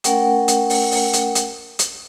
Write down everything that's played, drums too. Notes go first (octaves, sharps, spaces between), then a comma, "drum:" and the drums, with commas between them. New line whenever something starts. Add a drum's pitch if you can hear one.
A3 C#4 A#4 F#5 G5, drum: hi-hat
drum: hi-hat
drum: open hi-hat
drum: open hi-hat
drum: hi-hat
drum: hi-hat
drum: hi-hat